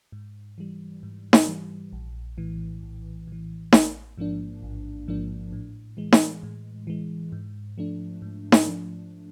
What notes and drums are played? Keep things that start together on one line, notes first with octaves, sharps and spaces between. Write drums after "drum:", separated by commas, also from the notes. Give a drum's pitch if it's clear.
G#2
E3 G3
G#2
drum: snare D#4
E3 G3
A#1
A2 E3
A#1
A2 E3
A1, drum: snare D#4
G#2 F3 A#3 D4
A1
G#2 F3 A#3 D4
A2
E3 G#3
drum: snare D#4
A2
E3 G#3
G#2
F3 A3 D4
G#2
drum: snare D#4
F3 A3 D4